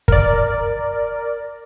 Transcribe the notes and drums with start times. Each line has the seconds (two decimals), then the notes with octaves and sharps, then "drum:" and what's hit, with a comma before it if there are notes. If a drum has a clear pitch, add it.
0.08 A#4 D5, drum: kick